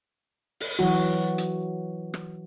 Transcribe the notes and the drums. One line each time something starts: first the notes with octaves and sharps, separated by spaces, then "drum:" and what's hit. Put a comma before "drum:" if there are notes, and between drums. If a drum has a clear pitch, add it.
drum: open hi-hat
E3 F#3 F#4
drum: hi-hat
drum: rim click